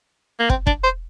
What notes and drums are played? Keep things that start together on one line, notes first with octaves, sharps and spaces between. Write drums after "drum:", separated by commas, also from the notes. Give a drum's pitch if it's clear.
A#3
C4, drum: kick
D4, drum: kick
C5